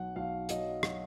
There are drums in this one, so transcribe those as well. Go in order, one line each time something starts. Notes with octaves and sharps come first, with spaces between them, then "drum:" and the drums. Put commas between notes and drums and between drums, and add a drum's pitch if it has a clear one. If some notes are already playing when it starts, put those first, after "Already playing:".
Already playing: B1 F#5
B1 F5
F#3 D#5, drum: hi-hat
F#3, drum: rim click